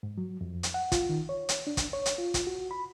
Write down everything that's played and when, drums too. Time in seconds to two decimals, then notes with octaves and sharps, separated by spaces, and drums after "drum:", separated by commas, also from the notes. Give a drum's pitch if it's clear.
0.03 G#2
0.18 F#3
0.41 F2
0.63 drum: hi-hat
0.74 F#5
0.92 F4, drum: kick, hi-hat
1.09 D#3
1.29 C#5
1.49 drum: hi-hat
1.67 D4
1.77 drum: kick, hi-hat
1.93 C#5
2.06 drum: hi-hat
2.18 F4
2.34 drum: kick, hi-hat
2.47 F#4
2.71 B5